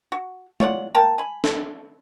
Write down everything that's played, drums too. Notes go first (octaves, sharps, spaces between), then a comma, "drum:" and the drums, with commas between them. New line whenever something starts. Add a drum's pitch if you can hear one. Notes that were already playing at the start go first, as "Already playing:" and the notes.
F#4
F4 C#5 D5 F#5, drum: tom G#3
A#3 A#4 G5 A5
G#5 B5
drum: snare